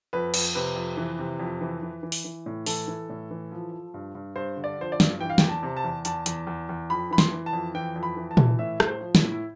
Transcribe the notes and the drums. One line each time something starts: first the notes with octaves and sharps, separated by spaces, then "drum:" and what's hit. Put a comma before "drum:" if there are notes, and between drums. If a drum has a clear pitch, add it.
F2 B4
F2, drum: cymbal
C3 B4
F2
E3
C3
F2
E3
E3
E3
drum: open hi-hat
E3
A2
E3 A4, drum: open hi-hat
E3
A2
E3
F3
F3
G2
G2
G2 C5
D3
D5
F3 C5
D5
G2, drum: snare
E3 G5
F5
G5, drum: snare
E2
A5
C3
A5
E2
E2 A5, drum: hi-hat
E2, drum: hi-hat
E2
E2
F2 B5
E3 B5
C6, drum: snare
E3
A5
F2
E3 G5
F2
B5
E3
A5
E3, drum: tom A#2
A2 E5
A2, drum: rim click
C5
F3
E4, drum: snare
A2
E4